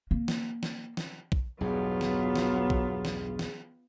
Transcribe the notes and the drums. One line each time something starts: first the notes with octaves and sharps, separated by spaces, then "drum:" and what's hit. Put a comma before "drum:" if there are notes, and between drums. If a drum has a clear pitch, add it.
A#3
drum: snare
drum: snare
drum: snare
drum: kick
B1 E2 G2 F#3 B3 F4 G#4
drum: snare
drum: snare
drum: kick
drum: snare
drum: snare